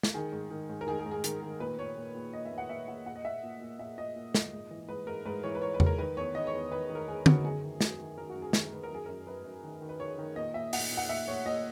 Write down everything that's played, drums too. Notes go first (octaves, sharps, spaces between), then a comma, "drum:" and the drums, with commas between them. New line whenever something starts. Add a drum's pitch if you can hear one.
drum: snare
D#3 G#4
G#2
D#3
G#2
A#4
D#3 G#4
G#4
G#2
G#4
D#3, drum: hi-hat
D#3
A#2 B4
A#2 C#5
A#2
A#2
A#2 D#5
E5
A#2
F#5
A#2 E5
A#2 F#5
A#2 F#5
D#5
A#2 E5
A#2
A#2
A#2 E5
A#2 D#5
A#2
A#2, drum: snare
G#2
E3
G#2 B4
G#2 A#4
G#2 B4
E3 C#5
B4
E3 C#5
B4
G#2, drum: tom E2
A#4
D#3 B4
E2 C#5
D#3 D#5
C#5
E2
D#3 B4
D#3
A#4
D#3 G#4
D#3 F#4, drum: tom D3
F#2 G#4
D#3
F#2, drum: snare
D#3
D#3 A#4
F#4
F#2
G#4
D#3 G#4, drum: snare
D#3 B4
A#4
F#2 G#4
F#2 A#4
F#2 B4
F#2
D#3
D#3
B4
D#3 C#5
D#3
A#2 D#5
A#2 E5
A#2 F#5, drum: open hi-hat
A#2
F#5
A#2 E5
A#2 C#5
A#2 D#5